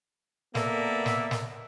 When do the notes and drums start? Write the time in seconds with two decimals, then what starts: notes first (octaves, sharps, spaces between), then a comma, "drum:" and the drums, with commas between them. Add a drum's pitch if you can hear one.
0.55 A#3 B3 A4 A#4 D5 E5, drum: snare
1.06 drum: snare
1.31 drum: snare